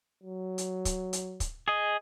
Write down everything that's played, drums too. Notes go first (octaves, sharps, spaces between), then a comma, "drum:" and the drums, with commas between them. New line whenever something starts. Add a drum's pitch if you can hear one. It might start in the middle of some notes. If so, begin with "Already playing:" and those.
F#3
drum: hi-hat
drum: kick, hi-hat
drum: hi-hat
drum: kick, hi-hat
G#4 D#5